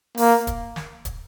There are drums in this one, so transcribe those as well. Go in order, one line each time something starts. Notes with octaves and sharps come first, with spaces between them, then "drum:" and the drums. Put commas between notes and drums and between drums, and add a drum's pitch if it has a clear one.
A#3, drum: open hi-hat
drum: kick, hi-hat
drum: snare
drum: kick, hi-hat